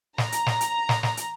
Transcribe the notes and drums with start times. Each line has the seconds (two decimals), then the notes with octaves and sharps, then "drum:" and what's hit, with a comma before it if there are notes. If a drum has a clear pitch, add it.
0.18 A#5, drum: snare
0.32 drum: hi-hat
0.46 drum: snare
0.61 drum: hi-hat
0.89 drum: snare
1.03 drum: snare
1.17 drum: hi-hat